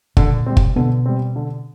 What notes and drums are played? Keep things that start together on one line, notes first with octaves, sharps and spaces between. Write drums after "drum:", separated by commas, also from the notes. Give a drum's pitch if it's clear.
A#2 D3 A#3, drum: kick
G3 C4
drum: kick
B2 D3 B3
G3 C4
D3